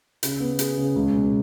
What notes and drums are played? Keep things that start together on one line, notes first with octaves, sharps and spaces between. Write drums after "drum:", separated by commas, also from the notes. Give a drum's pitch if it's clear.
C#3, drum: hi-hat
B3
G#4, drum: hi-hat
C#3
C#2
B2